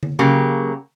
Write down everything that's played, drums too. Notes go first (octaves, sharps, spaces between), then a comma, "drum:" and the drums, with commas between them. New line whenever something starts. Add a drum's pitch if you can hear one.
drum: tom D3
C#3 F#3 A#3 G4